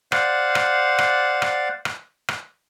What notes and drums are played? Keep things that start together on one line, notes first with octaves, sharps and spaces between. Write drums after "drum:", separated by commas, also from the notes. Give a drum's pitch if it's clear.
C5 D5 F5 F#5, drum: rim click
drum: rim click
drum: rim click
drum: rim click
drum: rim click
drum: rim click